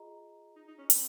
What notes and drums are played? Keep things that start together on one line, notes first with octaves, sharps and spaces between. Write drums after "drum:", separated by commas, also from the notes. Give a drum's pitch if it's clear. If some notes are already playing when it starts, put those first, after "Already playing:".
Already playing: F4 G#4 D#5 A#5
D#4
D#4
C#4
C4, drum: hi-hat